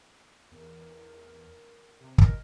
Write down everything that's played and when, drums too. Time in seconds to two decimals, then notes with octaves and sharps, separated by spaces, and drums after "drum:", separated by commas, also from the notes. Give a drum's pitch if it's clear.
0.52 E2 A#4
2.01 C3
2.18 B2 A#4 D#5, drum: kick